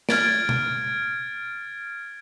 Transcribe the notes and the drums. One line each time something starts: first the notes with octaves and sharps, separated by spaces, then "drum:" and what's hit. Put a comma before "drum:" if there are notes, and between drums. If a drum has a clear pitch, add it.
F6 G#6 A6 D7, drum: snare
drum: tom B2